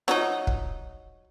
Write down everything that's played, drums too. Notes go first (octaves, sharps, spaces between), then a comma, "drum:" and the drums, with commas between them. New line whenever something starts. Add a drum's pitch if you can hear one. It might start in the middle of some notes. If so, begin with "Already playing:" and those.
F#3 D#4, drum: snare F4
drum: kick